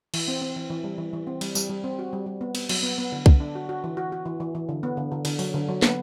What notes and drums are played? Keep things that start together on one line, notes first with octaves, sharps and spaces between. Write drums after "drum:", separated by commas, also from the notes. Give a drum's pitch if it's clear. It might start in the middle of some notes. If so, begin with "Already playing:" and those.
E3, drum: cymbal
C4
C4
E3
E3
G3
E3
E3
C4
G3, drum: cymbal
G3, drum: tambourine
G3
C4
F#4
G3
G3
B3
B3, drum: cymbal
F#3, drum: cymbal
B3
B3
D3
D3, drum: kick C2
D4
F#4
F#4
E3
F#4
F#4
E3
E3
E3
D3
B3
D3
D3
D3, drum: cymbal
F#3, drum: open hi-hat
D3
F#3
B3, drum: snare